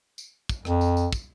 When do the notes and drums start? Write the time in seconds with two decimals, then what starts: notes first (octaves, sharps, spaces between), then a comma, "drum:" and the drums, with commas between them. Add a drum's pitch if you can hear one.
0.18 drum: tambourine
0.49 drum: kick, tambourine
0.65 F2, drum: rim click
0.81 drum: tambourine
0.97 drum: tambourine
1.13 drum: kick, tambourine